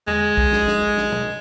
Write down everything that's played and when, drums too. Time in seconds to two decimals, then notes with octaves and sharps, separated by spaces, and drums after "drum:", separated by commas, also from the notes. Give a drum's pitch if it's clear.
0.08 G#3, drum: tom E2
0.37 drum: kick
0.52 drum: snare
0.67 drum: snare
0.97 drum: snare
1.12 drum: tom B2